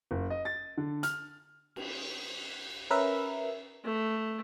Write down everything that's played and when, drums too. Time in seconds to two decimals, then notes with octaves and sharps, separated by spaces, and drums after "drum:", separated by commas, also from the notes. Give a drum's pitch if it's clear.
0.11 F#1
0.30 D#5
0.45 A6
0.77 D3
1.03 F6, drum: hi-hat
1.76 drum: cymbal
2.90 C#4 A#4 B4 E5
3.85 A3